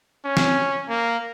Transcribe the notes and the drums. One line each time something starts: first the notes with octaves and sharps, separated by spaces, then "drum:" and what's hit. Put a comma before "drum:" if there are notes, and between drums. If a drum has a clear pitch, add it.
C#4
drum: snare
A#3